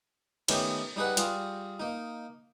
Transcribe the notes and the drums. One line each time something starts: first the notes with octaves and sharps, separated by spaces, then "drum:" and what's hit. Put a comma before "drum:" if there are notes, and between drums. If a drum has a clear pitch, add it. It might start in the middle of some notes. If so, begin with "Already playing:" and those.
D#3 A3 B3 C#4 D#4 G4, drum: cymbal
G3 D#4 G#4 B4 F#5
G3 F4 G#4, drum: hi-hat
A#3 D#4